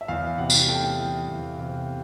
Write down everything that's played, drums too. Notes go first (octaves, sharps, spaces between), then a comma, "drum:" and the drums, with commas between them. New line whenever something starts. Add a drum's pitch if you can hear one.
E5
E2 F5
C3 F#5
drum: tambourine
A3 G5
E3
E2
C3